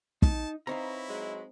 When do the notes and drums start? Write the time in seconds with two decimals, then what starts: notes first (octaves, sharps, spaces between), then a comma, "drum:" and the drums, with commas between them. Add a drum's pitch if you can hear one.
0.22 D#4 A5, drum: kick
0.67 C4 D#4 E4 B4 C#5 F5 A#5
1.09 F#3 G#3